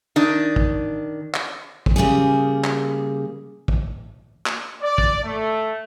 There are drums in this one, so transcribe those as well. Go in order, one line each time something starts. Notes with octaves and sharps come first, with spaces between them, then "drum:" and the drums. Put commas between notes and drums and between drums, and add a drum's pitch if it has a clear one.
D#3 D4
drum: kick
drum: clap
drum: kick
C#3 G3 A#3 G#4
drum: clap
drum: kick
drum: clap
D5
drum: kick
A3